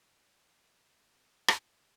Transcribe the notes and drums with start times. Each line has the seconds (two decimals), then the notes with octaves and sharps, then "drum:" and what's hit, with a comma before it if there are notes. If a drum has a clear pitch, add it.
0.23 F#4 A4 C#5 D5 G5
1.48 drum: rim click